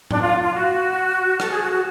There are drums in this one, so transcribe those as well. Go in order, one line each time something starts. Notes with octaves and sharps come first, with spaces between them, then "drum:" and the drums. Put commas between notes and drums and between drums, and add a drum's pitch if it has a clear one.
D4, drum: tom A2
F4
F4
F#4
A4, drum: rim click
G#4
F#4
F#4